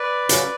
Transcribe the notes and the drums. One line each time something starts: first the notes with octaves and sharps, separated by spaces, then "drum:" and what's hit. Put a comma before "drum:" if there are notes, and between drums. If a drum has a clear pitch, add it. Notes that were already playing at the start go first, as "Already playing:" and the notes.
Already playing: B4 D5
C#3 F#3 C#4, drum: hi-hat